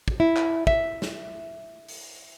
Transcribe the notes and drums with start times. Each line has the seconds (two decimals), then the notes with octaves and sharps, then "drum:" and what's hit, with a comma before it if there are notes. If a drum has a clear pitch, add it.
0.08 drum: kick
0.20 E4
0.36 drum: clap
0.67 E5, drum: kick
1.02 drum: snare
1.89 drum: open hi-hat